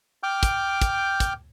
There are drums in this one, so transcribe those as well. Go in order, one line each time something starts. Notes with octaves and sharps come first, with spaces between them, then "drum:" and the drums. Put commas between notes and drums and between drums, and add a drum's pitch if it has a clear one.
G5 D6 F6 G6
drum: kick, hi-hat
drum: kick, hi-hat
drum: kick, hi-hat